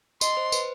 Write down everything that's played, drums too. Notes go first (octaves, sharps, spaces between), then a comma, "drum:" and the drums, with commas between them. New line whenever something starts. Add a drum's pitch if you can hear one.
D#5 C6, drum: tambourine
C5
B4, drum: tambourine